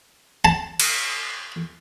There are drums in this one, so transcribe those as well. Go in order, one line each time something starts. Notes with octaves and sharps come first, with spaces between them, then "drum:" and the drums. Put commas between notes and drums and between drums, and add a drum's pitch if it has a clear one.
A5
drum: cymbal